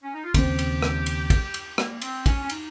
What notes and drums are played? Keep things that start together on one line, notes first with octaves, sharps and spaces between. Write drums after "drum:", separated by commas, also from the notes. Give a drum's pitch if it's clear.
C#4
D#4
F4
D#2 C#3 G3 C4 G4, drum: kick, cymbal
drum: cymbal
drum: rim click
drum: cymbal
drum: kick, cymbal
drum: cymbal
A#3, drum: rim click
C4, drum: cymbal
C#4, drum: kick, cymbal
C#4
D#4, drum: cymbal